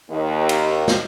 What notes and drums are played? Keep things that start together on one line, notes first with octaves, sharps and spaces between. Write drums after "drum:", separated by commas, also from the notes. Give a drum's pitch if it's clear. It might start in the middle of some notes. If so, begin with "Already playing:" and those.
D#2
drum: cymbal
drum: snare